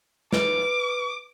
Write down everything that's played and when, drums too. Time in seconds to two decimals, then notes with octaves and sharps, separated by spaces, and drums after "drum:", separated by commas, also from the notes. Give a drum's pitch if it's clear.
0.33 B4 D6, drum: snare